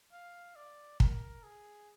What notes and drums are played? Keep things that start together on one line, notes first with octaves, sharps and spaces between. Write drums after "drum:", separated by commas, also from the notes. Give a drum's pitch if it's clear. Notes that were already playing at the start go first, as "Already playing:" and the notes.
F5
D5
A#4, drum: kick
G#4